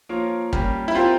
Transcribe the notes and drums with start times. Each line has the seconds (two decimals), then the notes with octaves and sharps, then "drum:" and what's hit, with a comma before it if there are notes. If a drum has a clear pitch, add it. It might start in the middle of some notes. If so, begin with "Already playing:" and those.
0.09 F3 A#3 F4 A#4 C#5
0.53 G3 A#3 C#4 G4, drum: kick
0.88 E4
0.95 C4 F4 G4 A#4